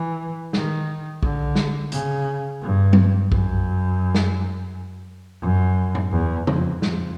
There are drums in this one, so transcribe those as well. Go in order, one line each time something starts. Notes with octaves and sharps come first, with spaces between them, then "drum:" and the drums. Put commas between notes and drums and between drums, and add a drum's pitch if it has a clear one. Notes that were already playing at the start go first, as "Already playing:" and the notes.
Already playing: E3
D#3, drum: snare
D3, drum: kick
drum: snare
C#3, drum: hi-hat
G2
drum: tom F#3
F#2, drum: kick
drum: snare
F#2
drum: tom G#2
E2
F2, drum: tom C#3
F2, drum: snare